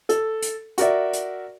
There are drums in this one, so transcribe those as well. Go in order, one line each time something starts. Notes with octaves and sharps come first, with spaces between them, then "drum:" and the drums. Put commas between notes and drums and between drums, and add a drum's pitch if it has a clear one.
A4, drum: hi-hat
drum: hi-hat
F#4 A#4 D5 E5, drum: hi-hat
drum: hi-hat